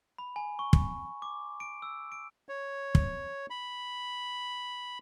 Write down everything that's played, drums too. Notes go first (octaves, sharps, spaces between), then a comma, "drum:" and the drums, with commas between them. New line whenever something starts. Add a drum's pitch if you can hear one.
B5
G#5
C#6
drum: kick
D6
D7
E6
D7
C#5
drum: kick
B5